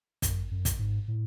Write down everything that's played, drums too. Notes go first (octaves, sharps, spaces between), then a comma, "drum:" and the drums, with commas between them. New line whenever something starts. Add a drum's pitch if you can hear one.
F#2, drum: kick, hi-hat
F#2
drum: kick, hi-hat
G#2
A2